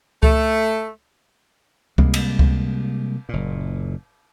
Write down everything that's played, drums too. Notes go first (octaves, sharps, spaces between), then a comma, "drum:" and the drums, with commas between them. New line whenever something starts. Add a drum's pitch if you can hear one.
A3, drum: kick C#2
C3 G3 G#3 A#3, drum: kick C#2
drum: cymbal
drum: kick C#2
F#1 A#2